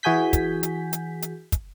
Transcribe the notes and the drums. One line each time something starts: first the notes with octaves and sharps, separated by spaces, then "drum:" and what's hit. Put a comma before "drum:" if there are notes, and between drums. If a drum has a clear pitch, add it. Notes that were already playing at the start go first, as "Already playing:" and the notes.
E3 F#4 G#4 G#5 G6 B6
drum: kick, hi-hat
drum: hi-hat
drum: hi-hat
drum: hi-hat
drum: kick, hi-hat